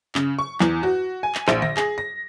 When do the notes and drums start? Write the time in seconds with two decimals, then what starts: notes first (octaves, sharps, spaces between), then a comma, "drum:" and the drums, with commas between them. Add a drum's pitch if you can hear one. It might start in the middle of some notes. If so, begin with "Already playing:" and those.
0.15 C#3, drum: clap
0.39 C#6
0.61 E2, drum: clap
0.83 F#4
1.23 G#5
1.35 drum: clap
1.48 A#1, drum: clap
1.62 A#6, drum: tom D3
1.77 G#4, drum: clap
1.98 A#6